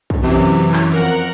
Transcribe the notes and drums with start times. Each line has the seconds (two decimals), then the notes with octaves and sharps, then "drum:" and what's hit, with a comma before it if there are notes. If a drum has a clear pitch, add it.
0.10 drum: kick
0.22 F#2 C3 E3
0.74 drum: clap
0.93 F2 A#4 F#5